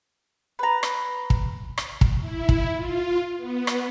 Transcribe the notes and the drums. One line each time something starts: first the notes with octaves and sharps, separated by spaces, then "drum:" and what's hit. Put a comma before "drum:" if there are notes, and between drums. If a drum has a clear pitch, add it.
B4 A#5
drum: rim click
drum: kick
drum: rim click
drum: kick
E4
drum: kick
F4
B3
drum: rim click